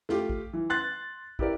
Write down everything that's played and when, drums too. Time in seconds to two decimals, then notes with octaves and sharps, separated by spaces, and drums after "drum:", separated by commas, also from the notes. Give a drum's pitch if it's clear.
0.09 A3 F4 G4, drum: snare
0.29 drum: kick
0.53 E3
0.70 C6 F#6 A6
1.39 E4 G4 A#4 D5, drum: kick